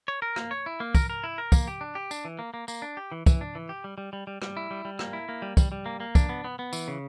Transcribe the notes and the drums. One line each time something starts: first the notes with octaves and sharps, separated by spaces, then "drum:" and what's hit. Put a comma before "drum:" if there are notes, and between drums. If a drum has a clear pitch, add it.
C#5
A#4
A#3, drum: rim click
C#5
E4
A#3
A#4, drum: kick, tambourine
A#4
E4
A#4
A#3, drum: kick, tambourine
G4
D4
G4
D4, drum: tambourine
E3
A#3
A#3
A#3, drum: tambourine
D4
G4
E3
E3, drum: kick, tambourine
D4
E3
G4
G3
G3
G3
G3
G3, drum: rim click
E4
G3
G3
A#3, drum: rim click
E4
A#3
G3
G3, drum: kick, tambourine
G3
A#3
A#3
D4, drum: kick, tambourine
B3
B3
B3
E3, drum: tambourine
C#3